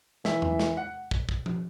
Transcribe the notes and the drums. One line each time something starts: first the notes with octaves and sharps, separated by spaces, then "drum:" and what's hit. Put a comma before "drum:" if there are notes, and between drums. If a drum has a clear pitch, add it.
E3 E5, drum: snare
drum: tom E2
drum: snare
F#5
drum: kick
drum: kick
drum: tom F3